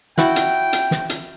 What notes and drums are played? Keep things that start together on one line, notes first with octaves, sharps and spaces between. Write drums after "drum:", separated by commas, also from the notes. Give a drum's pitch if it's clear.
E4 F#4 F#5 G5, drum: snare
drum: hi-hat
drum: hi-hat
drum: snare
drum: hi-hat